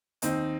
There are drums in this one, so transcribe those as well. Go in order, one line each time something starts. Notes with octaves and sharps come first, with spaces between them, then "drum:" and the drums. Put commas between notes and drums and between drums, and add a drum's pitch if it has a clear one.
D#2 C4 D#4, drum: hi-hat